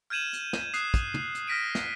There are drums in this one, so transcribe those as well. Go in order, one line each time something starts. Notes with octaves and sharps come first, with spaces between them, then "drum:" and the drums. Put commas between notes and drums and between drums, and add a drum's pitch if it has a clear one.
F6 G6 G#6 D#7 E7 F#7
drum: hi-hat
drum: snare
D#6 F#6 C7, drum: hi-hat
drum: kick, hi-hat
drum: tom
drum: hi-hat
F6 A#6 B6 D7 D#7
drum: snare